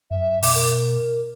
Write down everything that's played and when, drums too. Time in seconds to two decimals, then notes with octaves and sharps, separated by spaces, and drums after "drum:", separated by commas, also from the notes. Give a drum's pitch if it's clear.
0.11 F#2 E5
0.43 B2 D6, drum: open hi-hat
0.55 A#4